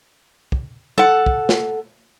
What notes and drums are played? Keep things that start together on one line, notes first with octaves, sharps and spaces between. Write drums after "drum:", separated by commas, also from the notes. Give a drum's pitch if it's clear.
drum: kick
A4 F#5, drum: tom
drum: kick
drum: snare